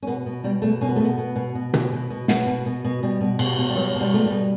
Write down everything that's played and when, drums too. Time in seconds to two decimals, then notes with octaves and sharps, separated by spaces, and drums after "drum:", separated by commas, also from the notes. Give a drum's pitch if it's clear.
0.02 C#4
0.07 B2 B3
0.26 B2
0.44 B2 G3
0.62 B2 A3
0.81 B2 C#4
0.89 B3
0.96 A3
0.99 B2
1.05 B3
1.18 B2
1.36 B2
1.55 B2
1.74 B2, drum: tom B2
1.92 B2
2.10 B2
2.28 B2 B3, drum: snare
2.47 B2
2.66 B2
2.84 B2
3.03 B2 G3
3.21 B2
3.39 B2, drum: cymbal
3.58 B2
3.69 G3
3.76 B2 F#3
3.95 B2
4.01 G3
4.14 B2 A3
4.26 B2 G3